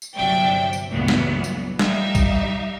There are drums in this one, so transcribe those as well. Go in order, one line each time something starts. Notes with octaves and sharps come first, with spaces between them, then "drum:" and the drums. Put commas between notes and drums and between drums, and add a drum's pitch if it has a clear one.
drum: tambourine
G1 C3 F#3 D5 E5 G5
drum: tambourine
C#2 G2 A#2 E3 F#3 B3
drum: snare
drum: tambourine
G3 D#4 E5 F5, drum: snare
drum: kick A#1, tambourine